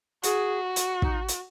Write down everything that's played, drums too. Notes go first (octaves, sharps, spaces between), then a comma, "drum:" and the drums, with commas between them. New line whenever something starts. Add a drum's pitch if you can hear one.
F#4 G#4, drum: hi-hat
drum: hi-hat
D#4, drum: kick
drum: hi-hat